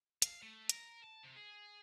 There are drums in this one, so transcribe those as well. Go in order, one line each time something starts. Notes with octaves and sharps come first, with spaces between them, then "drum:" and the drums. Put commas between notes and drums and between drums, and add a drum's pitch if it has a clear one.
F5, drum: hi-hat
A3
A#4, drum: hi-hat
A5
C3
G#4